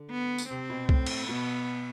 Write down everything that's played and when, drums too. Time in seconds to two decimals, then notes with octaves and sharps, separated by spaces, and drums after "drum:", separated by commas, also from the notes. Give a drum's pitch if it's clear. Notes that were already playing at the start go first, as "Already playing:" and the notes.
Already playing: D3
0.11 B3
0.38 drum: tambourine
0.50 C3 C4
0.70 B2
0.89 A2, drum: kick C2
1.06 drum: cymbal
1.28 B2 B3